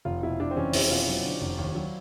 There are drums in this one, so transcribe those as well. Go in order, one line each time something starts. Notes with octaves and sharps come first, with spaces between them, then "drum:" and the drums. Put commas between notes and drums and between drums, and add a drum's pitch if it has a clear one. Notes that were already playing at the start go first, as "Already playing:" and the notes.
F1 F4
B2 E4
F1 D4
C4
E2 C#4
F1 E4, drum: open hi-hat
B2 F4
F#3
D3
F1
D#2
F#3